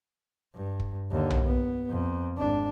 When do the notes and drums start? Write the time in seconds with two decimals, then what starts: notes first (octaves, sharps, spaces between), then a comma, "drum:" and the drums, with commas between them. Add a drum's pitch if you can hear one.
0.54 G2
0.80 drum: kick
1.11 D#2 D3
1.30 drum: tom B1
1.44 B3
1.89 F2
2.38 G#1 D4